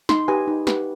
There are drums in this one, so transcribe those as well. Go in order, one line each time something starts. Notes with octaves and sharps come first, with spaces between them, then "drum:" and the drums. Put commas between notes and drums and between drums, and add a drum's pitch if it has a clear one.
D#4 C6, drum: snare
G4 B4 G#5
D#4
G4 B4, drum: snare